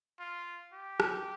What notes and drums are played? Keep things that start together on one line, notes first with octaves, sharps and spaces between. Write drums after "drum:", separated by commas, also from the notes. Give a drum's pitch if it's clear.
F4
G4
drum: rim click